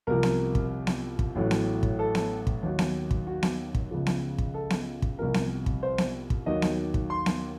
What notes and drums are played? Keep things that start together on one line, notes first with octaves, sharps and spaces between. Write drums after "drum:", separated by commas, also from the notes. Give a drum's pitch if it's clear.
C2 C3 F3 A#4
drum: snare B3
drum: kick
drum: snare B3
drum: kick
A1 A2 F#3
drum: snare B3
drum: kick
A4
drum: snare B3
drum: kick
D#2 D#3 F#3
drum: snare B3
drum: kick
F#4
drum: snare B3
drum: kick
C#2 C#3 F3
drum: snare B3
drum: kick
A4
drum: snare B3
drum: kick
C2 C3 F3 A#4
drum: snare B3
drum: kick
C5
drum: snare B3
drum: kick
D#2 D#3 F#3 D#5
drum: snare B3
drum: kick
C6
drum: snare B3